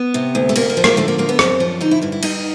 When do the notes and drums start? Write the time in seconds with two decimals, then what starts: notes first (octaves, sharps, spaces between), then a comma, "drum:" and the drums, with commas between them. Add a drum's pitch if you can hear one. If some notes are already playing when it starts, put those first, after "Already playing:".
Already playing: B3
0.14 C3
0.35 D2
0.49 A3
0.56 D2 A#3, drum: cymbal
0.70 A#3
0.77 F3
0.84 A#3, drum: rim click
0.97 D3 A3
1.08 A#3
1.18 F#2 A#3
1.29 B3
1.39 F#2 C4, drum: rim click
1.60 F3 D4
1.81 D3 D#4
1.91 E4
2.02 G2 E4
2.12 E4
2.23 G2 D#4, drum: cymbal